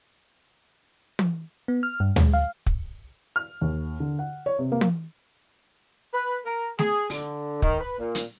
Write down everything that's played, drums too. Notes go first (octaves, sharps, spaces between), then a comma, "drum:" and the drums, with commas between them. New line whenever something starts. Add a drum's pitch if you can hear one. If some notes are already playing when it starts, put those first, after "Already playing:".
drum: tom
B3
F6
G2
G#3, drum: tom D2
F5
drum: kick
F6
D#2
D3
F#5
C#5
C3
A#3
drum: tom
B4
A#4
G#4, drum: snare
D3, drum: open hi-hat
D#3, drum: kick
B4
A#2
drum: hi-hat